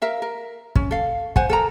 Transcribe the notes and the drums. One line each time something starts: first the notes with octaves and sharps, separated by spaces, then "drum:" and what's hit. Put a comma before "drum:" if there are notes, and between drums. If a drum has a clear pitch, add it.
A#4 E5 F5
A#4
C#4, drum: kick
A4 F5
C5 F#5 G#5, drum: kick
A4 A#4 A#5